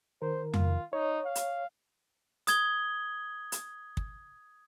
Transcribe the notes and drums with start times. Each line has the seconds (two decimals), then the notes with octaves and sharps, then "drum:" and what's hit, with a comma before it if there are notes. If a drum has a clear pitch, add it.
0.22 D#3 A#4 C5
0.54 F4, drum: tom F2
0.93 D#4 C#5
1.25 F5
1.35 drum: hi-hat
2.47 D#6 G#6 G7, drum: hi-hat
3.52 drum: hi-hat
3.97 drum: kick